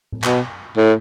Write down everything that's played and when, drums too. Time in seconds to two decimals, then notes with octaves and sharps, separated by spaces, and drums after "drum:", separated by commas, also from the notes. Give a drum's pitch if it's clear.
0.12 drum: tom A2
0.24 B2, drum: clap
0.77 A2